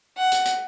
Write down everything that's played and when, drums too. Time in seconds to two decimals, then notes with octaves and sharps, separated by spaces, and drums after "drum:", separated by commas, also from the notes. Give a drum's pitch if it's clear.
0.18 F#5
0.32 drum: hi-hat
0.45 drum: hi-hat